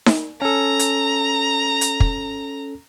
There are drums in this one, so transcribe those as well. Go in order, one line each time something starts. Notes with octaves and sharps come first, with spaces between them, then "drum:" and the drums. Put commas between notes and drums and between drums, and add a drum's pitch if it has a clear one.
drum: snare D#4
C#4 A4 A#5
drum: hi-hat
drum: hi-hat
drum: kick